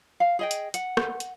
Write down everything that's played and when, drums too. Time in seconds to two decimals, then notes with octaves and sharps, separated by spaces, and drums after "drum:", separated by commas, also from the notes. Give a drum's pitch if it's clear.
0.20 F5
0.39 G#4 D#5 G5
0.51 drum: hi-hat
0.74 F#5, drum: hi-hat
0.97 drum: rim click
1.20 drum: hi-hat